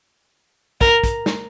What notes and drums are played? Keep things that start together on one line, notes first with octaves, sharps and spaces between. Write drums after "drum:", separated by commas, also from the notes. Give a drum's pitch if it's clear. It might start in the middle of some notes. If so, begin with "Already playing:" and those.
A#4, drum: kick, hi-hat
drum: kick, hi-hat
drum: snare